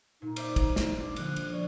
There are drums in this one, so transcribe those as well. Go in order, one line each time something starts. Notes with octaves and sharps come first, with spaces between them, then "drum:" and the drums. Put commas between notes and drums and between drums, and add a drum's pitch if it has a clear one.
A#2 D#4
C5 D5 E5, drum: cymbal
drum: kick, cymbal
drum: snare
D4
D3 F3 G3 F#6, drum: cymbal
drum: cymbal
C#5 D5